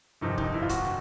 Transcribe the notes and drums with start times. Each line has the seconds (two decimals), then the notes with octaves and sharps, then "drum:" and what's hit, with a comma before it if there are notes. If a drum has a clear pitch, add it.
0.21 G1 F2 C3 D#3 D#4
0.38 D#4, drum: kick
0.53 E4
0.62 F4
0.69 F#4, drum: kick, hi-hat
0.85 drum: snare